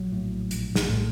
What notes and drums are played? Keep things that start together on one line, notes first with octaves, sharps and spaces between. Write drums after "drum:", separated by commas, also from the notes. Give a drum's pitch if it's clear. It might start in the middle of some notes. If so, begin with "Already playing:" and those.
Already playing: A#1 F#3
A2
A#1, drum: hi-hat
drum: snare
A2